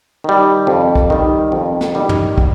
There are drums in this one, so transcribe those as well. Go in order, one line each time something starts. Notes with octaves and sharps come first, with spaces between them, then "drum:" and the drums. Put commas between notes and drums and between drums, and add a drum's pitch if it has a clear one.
D#3 G3
F2
drum: kick
D#3 G3
F2
drum: snare
D#3 G3
drum: tom
drum: kick